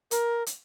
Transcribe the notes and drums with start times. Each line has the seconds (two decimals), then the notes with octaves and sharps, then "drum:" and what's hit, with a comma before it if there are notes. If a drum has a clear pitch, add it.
0.11 A#4, drum: hi-hat
0.46 drum: hi-hat